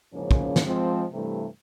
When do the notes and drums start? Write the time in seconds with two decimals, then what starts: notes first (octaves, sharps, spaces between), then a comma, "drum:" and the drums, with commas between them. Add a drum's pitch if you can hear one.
0.13 E2 G#2 C#3 F3 A#3 C#4
0.31 drum: kick
0.56 drum: snare
0.66 F3 G#3 C4
1.13 G2 C3 E3 G3 A3